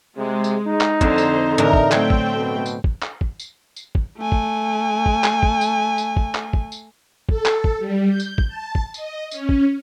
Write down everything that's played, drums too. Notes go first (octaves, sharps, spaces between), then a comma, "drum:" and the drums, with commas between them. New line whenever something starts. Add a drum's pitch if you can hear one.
C3 G#3
drum: tambourine
D#4
drum: clap
F2 D3 C4 C5 A#5, drum: kick
drum: tambourine
A2 D3 E3 A#4
drum: kick
F#3 A3 C4 G5, drum: clap
drum: kick
B2
drum: tambourine
drum: kick
drum: clap
drum: kick
drum: tambourine
drum: tambourine
drum: kick
A3 G#5
drum: kick
drum: kick
drum: clap
drum: kick
drum: tambourine
drum: tambourine
drum: kick
drum: clap
drum: kick
drum: tambourine
A4, drum: kick
drum: clap
drum: kick
G3
G6
drum: tambourine
drum: kick
A5
drum: kick
D#5, drum: tambourine
C#4, drum: tambourine
drum: kick